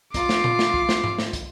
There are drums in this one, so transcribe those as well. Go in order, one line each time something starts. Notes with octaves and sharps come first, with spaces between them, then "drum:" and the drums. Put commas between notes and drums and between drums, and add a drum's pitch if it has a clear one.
F4 D6 C7, drum: kick, hi-hat
drum: snare
drum: tom A#2
drum: snare
drum: kick
drum: snare
drum: tom G#2
drum: snare
drum: kick, hi-hat